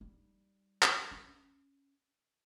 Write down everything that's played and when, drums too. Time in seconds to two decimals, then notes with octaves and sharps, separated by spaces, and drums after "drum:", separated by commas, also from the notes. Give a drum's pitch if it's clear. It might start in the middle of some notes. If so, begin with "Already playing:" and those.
0.01 G3 D#4
0.83 drum: clap
1.11 C#4